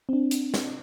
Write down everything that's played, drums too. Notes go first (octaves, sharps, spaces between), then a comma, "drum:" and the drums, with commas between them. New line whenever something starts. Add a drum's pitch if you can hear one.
C4 D4
drum: hi-hat
drum: snare